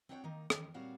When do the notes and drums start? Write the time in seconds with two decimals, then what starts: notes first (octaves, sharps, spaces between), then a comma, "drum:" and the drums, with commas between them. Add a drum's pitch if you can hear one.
0.09 C4 D4 E4 F#4 C#5 G5
0.24 D#3 A#3 D#4
0.50 E2 D#3 C#4, drum: rim click
0.74 A#2 G3 C4 F#4 C#5 F5